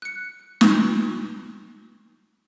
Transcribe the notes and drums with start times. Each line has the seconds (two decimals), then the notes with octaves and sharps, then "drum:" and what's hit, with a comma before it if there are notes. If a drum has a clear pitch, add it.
0.02 F#6 C#7
0.61 drum: snare